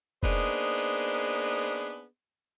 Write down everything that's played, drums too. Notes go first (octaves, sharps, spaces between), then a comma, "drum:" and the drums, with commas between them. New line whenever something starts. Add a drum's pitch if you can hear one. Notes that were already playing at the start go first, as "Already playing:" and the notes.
A#3 B3 D4 D#4 G#4 C5, drum: kick F1
drum: hi-hat